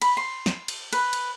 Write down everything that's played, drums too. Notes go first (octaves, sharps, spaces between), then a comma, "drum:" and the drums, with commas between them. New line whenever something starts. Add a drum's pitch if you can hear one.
B5, drum: cymbal
C6
drum: snare
drum: cymbal
B4, drum: cymbal
drum: cymbal